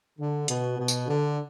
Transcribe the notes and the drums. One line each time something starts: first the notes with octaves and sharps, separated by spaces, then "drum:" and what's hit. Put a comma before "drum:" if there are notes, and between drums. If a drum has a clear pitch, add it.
D3
B2, drum: hi-hat
B2
drum: tambourine
D3